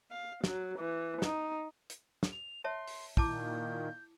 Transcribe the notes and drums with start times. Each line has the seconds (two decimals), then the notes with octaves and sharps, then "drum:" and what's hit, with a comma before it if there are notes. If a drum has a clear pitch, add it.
0.11 F5
0.44 F#3, drum: snare
0.78 E3
1.22 D#4, drum: snare
1.90 drum: hi-hat
2.23 drum: snare
2.32 F7
2.64 C#5 E5 A5 C6
2.88 drum: open hi-hat
3.17 A#2 D#3 E4 A5 D6 G6, drum: kick